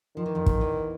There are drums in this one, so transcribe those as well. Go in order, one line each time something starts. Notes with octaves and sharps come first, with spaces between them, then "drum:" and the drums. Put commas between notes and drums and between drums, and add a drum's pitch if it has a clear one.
D#3 F3
E3
F2 F3
drum: kick
E2 E3